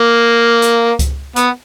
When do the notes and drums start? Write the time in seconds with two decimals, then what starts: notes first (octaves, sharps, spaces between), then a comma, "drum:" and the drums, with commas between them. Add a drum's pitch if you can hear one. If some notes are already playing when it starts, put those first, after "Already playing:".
Already playing: A#3
0.62 drum: hi-hat
0.99 drum: kick C#2, hi-hat
1.36 B3, drum: hi-hat